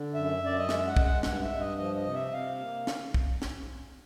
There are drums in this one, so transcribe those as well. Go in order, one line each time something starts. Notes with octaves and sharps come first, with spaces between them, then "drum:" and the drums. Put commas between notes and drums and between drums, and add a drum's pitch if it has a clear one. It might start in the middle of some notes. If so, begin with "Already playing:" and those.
Already playing: D3
F#2 E5
F#2 D5
D#5
G#3 E5, drum: snare
F#5
G#3, drum: kick
F#5
G2 F#5, drum: snare
E5
G2
D#5
F3 D#5
D#5
C3
E5
C3 F5
A#3
drum: snare
drum: kick
drum: snare